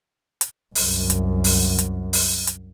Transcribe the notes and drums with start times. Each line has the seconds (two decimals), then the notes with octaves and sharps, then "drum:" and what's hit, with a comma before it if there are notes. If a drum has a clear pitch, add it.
0.41 drum: hi-hat
0.75 C2 F#2, drum: open hi-hat
1.10 drum: hi-hat
1.44 drum: open hi-hat
1.79 drum: hi-hat
2.13 drum: open hi-hat
2.47 drum: hi-hat